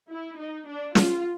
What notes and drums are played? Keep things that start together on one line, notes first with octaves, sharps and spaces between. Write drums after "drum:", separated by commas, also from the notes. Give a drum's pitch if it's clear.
E4
D#4
D4
F4, drum: snare